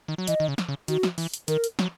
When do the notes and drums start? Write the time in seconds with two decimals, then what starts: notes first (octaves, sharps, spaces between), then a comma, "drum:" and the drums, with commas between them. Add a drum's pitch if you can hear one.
0.08 D#3
0.18 F#3
0.27 E3 D#5, drum: hi-hat
0.40 D#3
0.48 C#3
0.58 drum: snare
0.68 C#3
0.88 D#3 F#4, drum: hi-hat
1.03 drum: snare
1.18 E3, drum: open hi-hat
1.34 drum: hi-hat
1.48 D#3 A#4, drum: hi-hat
1.64 drum: hi-hat
1.79 F#3, drum: snare